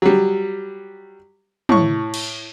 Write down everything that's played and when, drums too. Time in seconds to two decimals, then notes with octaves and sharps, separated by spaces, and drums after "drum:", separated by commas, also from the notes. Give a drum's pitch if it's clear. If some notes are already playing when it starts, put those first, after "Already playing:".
0.02 F#3 G3
1.69 A2 C#6, drum: tom
2.14 drum: cymbal